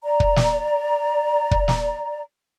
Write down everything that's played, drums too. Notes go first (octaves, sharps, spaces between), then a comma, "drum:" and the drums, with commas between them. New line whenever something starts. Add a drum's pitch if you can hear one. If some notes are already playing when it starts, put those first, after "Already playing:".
D5 A#5
drum: kick
drum: snare
drum: kick
drum: snare